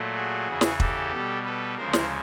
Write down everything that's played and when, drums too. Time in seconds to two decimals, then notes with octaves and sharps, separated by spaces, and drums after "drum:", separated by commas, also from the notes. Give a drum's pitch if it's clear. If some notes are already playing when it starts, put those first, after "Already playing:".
Already playing: A#2 F#3 A3
0.15 F#4 G#4
0.47 E2 C#3 E3
0.61 drum: snare
0.80 G4 A4, drum: kick
1.12 B2 G3
1.45 A4 B4
1.77 D2 C#3 F3 G#3 A#4 C5
1.93 drum: snare